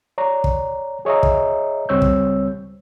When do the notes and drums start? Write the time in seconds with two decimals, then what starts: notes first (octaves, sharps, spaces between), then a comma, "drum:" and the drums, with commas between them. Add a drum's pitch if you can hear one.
0.18 C#5 D5 A#5
0.44 drum: kick
1.05 G#4 C#5 D#5 E5 A#5
1.23 drum: kick
1.89 C#2 G3 C4 C#5 E6 G6
2.02 drum: kick